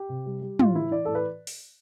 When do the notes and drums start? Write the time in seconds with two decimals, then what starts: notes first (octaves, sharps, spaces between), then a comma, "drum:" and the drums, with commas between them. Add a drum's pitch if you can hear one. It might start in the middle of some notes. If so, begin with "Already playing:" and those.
Already playing: G4
0.09 C3
0.26 G3
0.42 G3
0.59 A2 F4, drum: tom
0.75 E3 E4
0.91 E3 D5
1.05 A2 A4
1.15 B4
1.47 drum: open hi-hat